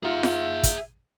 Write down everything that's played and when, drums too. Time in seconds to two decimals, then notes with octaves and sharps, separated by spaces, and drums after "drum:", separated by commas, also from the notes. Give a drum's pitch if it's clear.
0.03 D#4 F4 G#4 E5 F#5
0.23 drum: snare F4
0.63 drum: kick, hi-hat